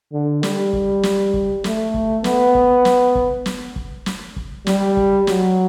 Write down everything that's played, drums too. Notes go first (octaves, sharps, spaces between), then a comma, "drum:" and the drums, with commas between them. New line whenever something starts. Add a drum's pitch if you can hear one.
D3
G3, drum: snare
drum: kick
drum: snare
drum: kick
A3, drum: snare
drum: kick
B3, drum: snare
drum: kick
drum: snare
drum: kick
drum: snare
drum: kick
drum: snare
drum: kick
G3, drum: snare
drum: kick
F#3, drum: snare